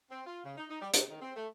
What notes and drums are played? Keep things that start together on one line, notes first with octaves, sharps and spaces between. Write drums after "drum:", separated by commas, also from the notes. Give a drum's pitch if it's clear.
C4
F4
C#3
D#4
D#4
G3
C3, drum: hi-hat
D#3
C4
A3